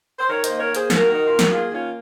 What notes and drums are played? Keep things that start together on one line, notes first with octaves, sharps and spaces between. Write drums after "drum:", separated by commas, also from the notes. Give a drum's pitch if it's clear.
C5
D#3 A#4 C#5
C5 D#5, drum: hi-hat
A#3
A#4 C#5
A#3
G#4 C5, drum: hi-hat
D#3 F#4 A#4, drum: snare
D#3 D#4
A#3 F4
F#4, drum: snare
A#3 F4 G#4
D#3 C#4 F4